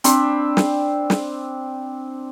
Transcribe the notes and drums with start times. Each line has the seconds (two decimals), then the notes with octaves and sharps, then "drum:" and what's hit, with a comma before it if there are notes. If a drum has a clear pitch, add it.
0.04 C4 D4 B5, drum: hi-hat
0.57 drum: snare
1.10 drum: snare